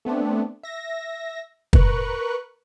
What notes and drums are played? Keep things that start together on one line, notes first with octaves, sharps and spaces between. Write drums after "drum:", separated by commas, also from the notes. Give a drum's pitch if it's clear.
A3 B3 C4 D4
E5 A#6
A#4 B4 C#6 F#6, drum: kick